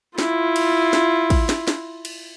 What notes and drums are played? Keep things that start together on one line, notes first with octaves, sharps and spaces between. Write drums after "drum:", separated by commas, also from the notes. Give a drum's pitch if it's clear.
E4 F4, drum: snare
drum: cymbal
drum: snare
drum: kick, cymbal
drum: snare
drum: snare
drum: cymbal